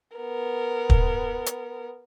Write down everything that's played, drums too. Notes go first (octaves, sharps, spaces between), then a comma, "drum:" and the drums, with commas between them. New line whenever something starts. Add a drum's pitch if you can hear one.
B3 A#4
drum: kick
drum: hi-hat